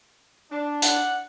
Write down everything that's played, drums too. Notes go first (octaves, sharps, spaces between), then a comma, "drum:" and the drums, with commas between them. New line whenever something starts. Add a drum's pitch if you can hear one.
D4
F#5, drum: hi-hat